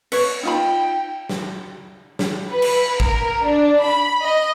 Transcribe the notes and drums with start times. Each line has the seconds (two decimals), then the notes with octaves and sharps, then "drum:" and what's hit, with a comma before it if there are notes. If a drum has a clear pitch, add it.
0.12 B4 C#5, drum: cymbal
0.43 D#4 F4 G5 B5
1.29 drum: snare
2.19 drum: snare
2.51 B4
2.62 drum: cymbal
3.00 A#4, drum: kick
3.43 D4
3.83 B5
4.23 D#5